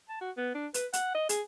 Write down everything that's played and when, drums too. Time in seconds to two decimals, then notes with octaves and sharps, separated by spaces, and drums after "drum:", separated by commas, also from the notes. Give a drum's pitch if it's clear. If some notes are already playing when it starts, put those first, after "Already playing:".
0.09 A5
0.21 F#4
0.37 B3
0.55 D4
0.74 B4, drum: hi-hat
0.93 F#5, drum: hi-hat
1.14 D#5
1.29 G#4, drum: hi-hat